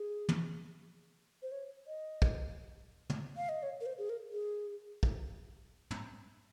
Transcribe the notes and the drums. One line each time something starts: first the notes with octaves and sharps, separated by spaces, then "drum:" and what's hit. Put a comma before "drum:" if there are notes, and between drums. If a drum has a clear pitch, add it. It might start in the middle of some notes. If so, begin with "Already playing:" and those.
Already playing: G#4
drum: tom
C5
C#5
D#5
drum: kick
drum: tom
F5
D#5
C#5
A#4
C5
G#4
A#4
G#4
drum: kick
drum: tom